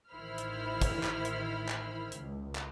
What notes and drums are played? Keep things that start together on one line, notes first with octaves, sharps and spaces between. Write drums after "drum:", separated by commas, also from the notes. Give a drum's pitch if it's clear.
A1 D#3 E4 C5 B5 F6
drum: hi-hat
drum: kick, hi-hat
drum: clap
drum: hi-hat
drum: clap
C#2, drum: hi-hat
drum: clap